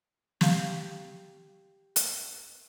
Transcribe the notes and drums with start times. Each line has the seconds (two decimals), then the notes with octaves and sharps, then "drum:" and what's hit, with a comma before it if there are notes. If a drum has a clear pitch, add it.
0.41 G4 F5, drum: snare
1.96 drum: hi-hat